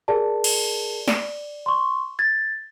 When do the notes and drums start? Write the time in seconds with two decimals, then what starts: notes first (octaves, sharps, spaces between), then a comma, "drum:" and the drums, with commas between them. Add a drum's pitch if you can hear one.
0.08 G#4 A#4 D5 A5
0.44 drum: cymbal
1.08 D5, drum: snare
1.66 C6 C#6
2.19 G#6 A6